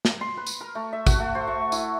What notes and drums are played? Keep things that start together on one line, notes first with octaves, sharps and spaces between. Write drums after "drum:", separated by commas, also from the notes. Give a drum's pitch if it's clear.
drum: snare
C6
B4
drum: tambourine
A#4
A3
E5
F#4, drum: kick, tambourine
A3
C5
C#6
E4, drum: tambourine